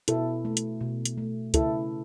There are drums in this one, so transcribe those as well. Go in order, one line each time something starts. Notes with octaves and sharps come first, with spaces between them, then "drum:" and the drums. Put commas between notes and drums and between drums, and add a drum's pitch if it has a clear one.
B2 E4 A4, drum: hi-hat
A3
drum: hi-hat
B2
drum: hi-hat
A3
C#3 E4 A4, drum: kick, hi-hat